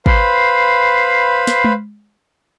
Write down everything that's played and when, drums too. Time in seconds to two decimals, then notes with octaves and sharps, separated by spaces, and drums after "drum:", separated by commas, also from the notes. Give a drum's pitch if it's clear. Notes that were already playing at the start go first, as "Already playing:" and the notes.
0.06 B4 C5 F5 B5, drum: kick
1.47 drum: snare
1.64 drum: tom G#3